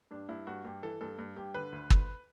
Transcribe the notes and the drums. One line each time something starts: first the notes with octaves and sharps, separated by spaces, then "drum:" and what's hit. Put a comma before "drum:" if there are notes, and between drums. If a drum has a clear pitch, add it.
G2 D4
G2 E4
G2 F#4
G2 G4
E3 A4
G2 A4
G2
G2 G4
D3 B4
D2
D2, drum: kick